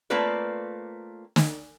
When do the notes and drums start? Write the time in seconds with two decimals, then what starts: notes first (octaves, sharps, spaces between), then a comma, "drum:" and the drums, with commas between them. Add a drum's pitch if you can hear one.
0.10 A3 A#3 C4 F4 B4 D5
1.36 drum: snare